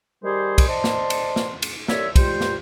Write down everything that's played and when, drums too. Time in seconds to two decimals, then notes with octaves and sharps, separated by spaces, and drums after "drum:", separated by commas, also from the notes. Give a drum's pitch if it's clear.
0.24 D#3 G3 G4 G#4 C5
0.58 drum: kick, cymbal
0.67 C5 D5 D#5 A5 C6
0.84 drum: snare
1.10 drum: cymbal
1.36 drum: snare
1.62 drum: cymbal
1.88 C2 C#5 D5 E5, drum: snare
2.16 G3 G#3 F4 C5, drum: kick, cymbal
2.41 drum: snare